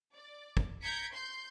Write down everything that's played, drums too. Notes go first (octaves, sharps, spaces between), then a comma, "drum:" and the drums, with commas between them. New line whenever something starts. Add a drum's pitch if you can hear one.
D5
drum: kick
A#5 G6 G#6 B6 C#7 D7
C6 G6